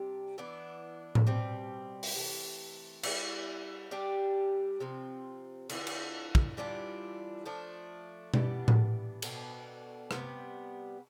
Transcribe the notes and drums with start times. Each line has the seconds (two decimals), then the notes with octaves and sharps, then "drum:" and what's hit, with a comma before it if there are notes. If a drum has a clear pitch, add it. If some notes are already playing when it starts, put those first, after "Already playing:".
Already playing: C3 G3 D4 G4
0.38 E3 B3 D4
1.15 drum: tom A2
1.27 B2 G3 C4
2.03 drum: open hi-hat
2.15 C3 E3 A3
3.03 G3 B3 E4, drum: cymbal
3.91 G3 D4 G4
4.80 C3 F3 C4
5.69 D3 F3 C4 E4, drum: cymbal
5.87 drum: cymbal
6.35 drum: kick
6.57 E3 G3 D4 F4
7.46 F3 A3 D4
8.34 E3 G3 B3 D4, drum: tom B2
8.68 drum: tom A2
9.22 B2 B3 D4 A4, drum: cymbal
10.11 C3 G3 B3, drum: rim click